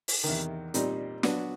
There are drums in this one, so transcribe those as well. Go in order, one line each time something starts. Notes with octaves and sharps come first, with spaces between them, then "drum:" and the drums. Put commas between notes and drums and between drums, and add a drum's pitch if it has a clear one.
drum: open hi-hat
E2 C3 D#3
A#2 G3 C4 D#4, drum: hi-hat
F#3 B3 D4 F#4, drum: snare